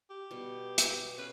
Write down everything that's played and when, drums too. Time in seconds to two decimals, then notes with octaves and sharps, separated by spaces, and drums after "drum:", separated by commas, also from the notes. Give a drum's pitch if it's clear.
0.10 G4
0.31 B2 G3
0.78 drum: hi-hat
1.18 C#4 B4 F5